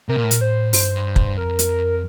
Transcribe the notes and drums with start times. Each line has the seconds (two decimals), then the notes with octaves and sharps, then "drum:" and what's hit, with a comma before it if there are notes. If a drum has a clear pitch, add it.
0.09 C3 A#4
0.16 A#2
0.23 A2
0.31 A#2, drum: hi-hat
0.40 A2 C5
0.73 G2 C5, drum: open hi-hat
1.16 drum: kick
1.37 F2 A#4
1.59 drum: hi-hat